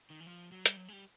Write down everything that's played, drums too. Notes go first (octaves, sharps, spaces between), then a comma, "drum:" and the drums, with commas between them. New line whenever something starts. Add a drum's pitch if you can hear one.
D#3
E3
F3
F#3
G3, drum: hi-hat
F#3
G#3
G3